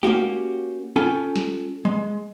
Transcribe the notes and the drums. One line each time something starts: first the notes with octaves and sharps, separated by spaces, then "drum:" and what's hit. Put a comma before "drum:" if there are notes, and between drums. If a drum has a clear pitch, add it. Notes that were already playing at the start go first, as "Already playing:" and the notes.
A#3 C#4 F#4 G4, drum: tom G#3
C#4 F4 A4 G5 G#5
drum: snare
G#3